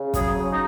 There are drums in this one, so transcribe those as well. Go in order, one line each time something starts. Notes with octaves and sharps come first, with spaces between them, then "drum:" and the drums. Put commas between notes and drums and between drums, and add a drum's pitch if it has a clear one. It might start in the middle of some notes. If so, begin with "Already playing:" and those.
Already playing: C#3
F#3 G#4, drum: kick, hi-hat
C#3
D#4